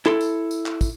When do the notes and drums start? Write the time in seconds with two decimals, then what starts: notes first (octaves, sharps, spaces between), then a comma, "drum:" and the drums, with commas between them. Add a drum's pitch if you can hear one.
0.06 E4 A4 C6, drum: clap
0.21 drum: tambourine
0.51 drum: tambourine
0.66 drum: clap
0.81 drum: kick, tambourine